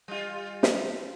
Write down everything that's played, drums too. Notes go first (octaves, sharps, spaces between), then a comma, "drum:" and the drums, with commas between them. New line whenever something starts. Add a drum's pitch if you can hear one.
G3 F4
drum: snare